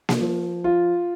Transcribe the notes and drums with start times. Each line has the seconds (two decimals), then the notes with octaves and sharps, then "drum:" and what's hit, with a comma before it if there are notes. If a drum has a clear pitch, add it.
0.09 drum: snare A#3
0.21 F3
0.64 F4